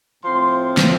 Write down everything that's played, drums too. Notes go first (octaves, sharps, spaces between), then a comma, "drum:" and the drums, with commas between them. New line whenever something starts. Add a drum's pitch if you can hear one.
A2 F3 C4 C6
drum: snare